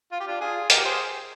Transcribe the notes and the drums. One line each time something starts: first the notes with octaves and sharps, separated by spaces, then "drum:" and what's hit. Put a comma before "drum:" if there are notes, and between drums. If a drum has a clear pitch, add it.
F4
G4
D4 F4
F4 G#4
G4 A#4, drum: hi-hat
G#4 C5